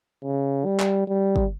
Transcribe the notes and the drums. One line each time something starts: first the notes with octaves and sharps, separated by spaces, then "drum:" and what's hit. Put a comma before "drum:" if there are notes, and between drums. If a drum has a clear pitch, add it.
C#3
G3
drum: clap
G3
drum: kick